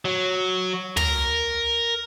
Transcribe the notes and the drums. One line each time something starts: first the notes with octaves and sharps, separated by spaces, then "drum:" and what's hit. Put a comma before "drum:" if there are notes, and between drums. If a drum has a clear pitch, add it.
F#3
A#4, drum: tom